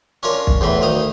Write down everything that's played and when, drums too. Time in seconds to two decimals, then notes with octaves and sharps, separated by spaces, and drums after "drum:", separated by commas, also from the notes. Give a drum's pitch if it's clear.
0.23 C#4 D4 F4 A#4
0.47 drum: kick
0.61 E2 A2 E3 B5
0.81 D2 D#3 F5 D#6